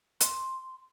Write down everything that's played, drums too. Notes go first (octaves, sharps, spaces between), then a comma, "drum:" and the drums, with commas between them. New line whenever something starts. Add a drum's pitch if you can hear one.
C6, drum: hi-hat